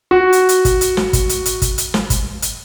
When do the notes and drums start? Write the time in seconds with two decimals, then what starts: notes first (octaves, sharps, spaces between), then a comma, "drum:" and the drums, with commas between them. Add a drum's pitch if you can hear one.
0.11 F#4
0.33 drum: hi-hat
0.49 drum: hi-hat
0.65 drum: kick, hi-hat
0.81 drum: hi-hat
0.97 drum: snare
1.13 drum: kick, hi-hat
1.29 drum: hi-hat
1.45 drum: hi-hat
1.62 drum: kick, hi-hat
1.78 drum: hi-hat
1.94 drum: snare
2.10 drum: kick, hi-hat
2.42 drum: hi-hat